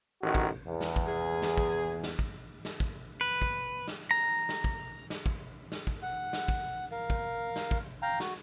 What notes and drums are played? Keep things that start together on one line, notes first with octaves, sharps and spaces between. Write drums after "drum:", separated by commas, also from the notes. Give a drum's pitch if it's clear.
A1 D#3 F#4
drum: kick
E2
drum: snare
drum: kick
G#4
drum: snare
drum: kick
drum: snare
drum: kick
drum: snare
drum: kick
B4
drum: kick
drum: snare
A#5
drum: snare
drum: kick
drum: snare
drum: kick
drum: snare
drum: kick
F#5
drum: snare
drum: kick
A#4 F5
drum: kick
drum: snare
drum: kick
F5 G5 A#5
F#4, drum: snare